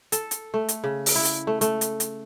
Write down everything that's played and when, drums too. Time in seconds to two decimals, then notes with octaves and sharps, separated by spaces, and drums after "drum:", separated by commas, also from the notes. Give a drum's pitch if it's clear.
0.12 A4, drum: hi-hat
0.31 drum: hi-hat
0.54 A3
0.69 drum: hi-hat
0.84 C#3
1.06 drum: open hi-hat
1.15 E4
1.25 drum: hi-hat
1.47 A3
1.61 A3, drum: hi-hat
1.81 drum: hi-hat
2.00 drum: hi-hat